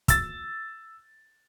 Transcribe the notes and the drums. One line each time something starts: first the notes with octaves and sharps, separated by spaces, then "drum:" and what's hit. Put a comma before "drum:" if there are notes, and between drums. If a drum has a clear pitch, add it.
E6 A6, drum: kick, hi-hat